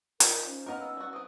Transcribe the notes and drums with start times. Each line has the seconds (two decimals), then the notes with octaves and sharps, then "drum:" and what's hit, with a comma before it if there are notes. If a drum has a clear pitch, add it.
0.20 D4 D#4 F4 G4 G#4 A#4, drum: hi-hat
0.46 C#4 C5
0.66 B3 D#4 A#4 D#5 F5 A#5
0.80 E6
0.97 G3 F#4
1.13 E3 C4 D#6